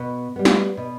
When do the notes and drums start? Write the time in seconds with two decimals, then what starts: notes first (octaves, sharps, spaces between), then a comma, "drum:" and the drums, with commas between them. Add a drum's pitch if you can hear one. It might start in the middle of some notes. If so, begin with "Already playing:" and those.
Already playing: B2
0.36 G3 B3
0.45 drum: snare
0.77 B2